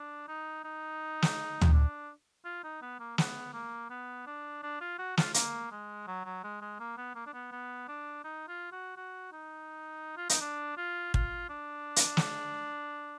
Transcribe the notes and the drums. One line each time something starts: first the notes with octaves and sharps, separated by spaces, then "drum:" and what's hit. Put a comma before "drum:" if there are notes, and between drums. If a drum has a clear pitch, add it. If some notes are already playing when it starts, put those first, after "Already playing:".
Already playing: D4
D#4
D#4
drum: snare
drum: tom
D4
F4
D#4
B3
A#3
B3, drum: snare
A#3
B3
D4
D4
F4
F#4
F4, drum: snare
A#3, drum: hi-hat
G#3
F#3
F#3
G#3
G#3
A#3
B3
A#3
D4
B3
B3
D4
D#4
F4
F#4
F#4
D#4
F4
D#4, drum: hi-hat
D4
F4
F4, drum: kick
D4
drum: hi-hat
drum: snare